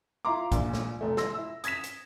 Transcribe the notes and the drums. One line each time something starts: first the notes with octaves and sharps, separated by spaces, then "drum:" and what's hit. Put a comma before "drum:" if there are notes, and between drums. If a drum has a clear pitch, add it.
E4 F4 F5 A#5 C6 D6
A#1 A#2, drum: kick, hi-hat
drum: snare
F1 A3
C6 E6 A#6, drum: snare
E4 E6
D#6 G#6 A#6 B6 E7, drum: hi-hat
drum: hi-hat